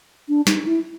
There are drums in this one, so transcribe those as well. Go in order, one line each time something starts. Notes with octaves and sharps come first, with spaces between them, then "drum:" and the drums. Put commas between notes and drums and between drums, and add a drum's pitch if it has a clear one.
D4
D#4, drum: snare
E4